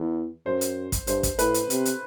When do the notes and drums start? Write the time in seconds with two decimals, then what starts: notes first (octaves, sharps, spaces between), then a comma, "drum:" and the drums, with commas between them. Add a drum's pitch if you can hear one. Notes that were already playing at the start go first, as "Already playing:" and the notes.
Already playing: E2
0.46 F#2 C5
0.61 drum: hi-hat
0.92 drum: kick, hi-hat
1.07 G2 C5, drum: hi-hat
1.23 drum: kick, hi-hat
1.39 A2 B4, drum: hi-hat
1.54 drum: hi-hat
1.70 C3, drum: hi-hat
1.85 drum: hi-hat